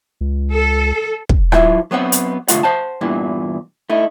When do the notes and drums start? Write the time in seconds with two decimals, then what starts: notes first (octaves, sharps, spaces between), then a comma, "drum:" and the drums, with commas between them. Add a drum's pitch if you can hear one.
0.21 C#2
0.53 A4
1.29 drum: kick
1.52 F#3 E4 F4 E5, drum: rim click
1.91 F#3 B3 C4 F#5
2.12 drum: hi-hat
2.48 D2 G#2 F#3 A3 F4 F#5, drum: hi-hat
2.63 C5 F#5 A5
3.01 E2 G2 A#2 E3
3.90 A3 D#4 E4